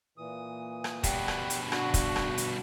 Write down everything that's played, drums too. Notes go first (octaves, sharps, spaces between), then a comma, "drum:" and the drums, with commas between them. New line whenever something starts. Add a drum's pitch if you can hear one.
A#2 E3 D#6
drum: rim click
G2 B2 G3 G4 F#5, drum: kick, hi-hat
drum: rim click
drum: hi-hat
D4 F#4, drum: rim click
drum: kick, hi-hat
drum: rim click
drum: hi-hat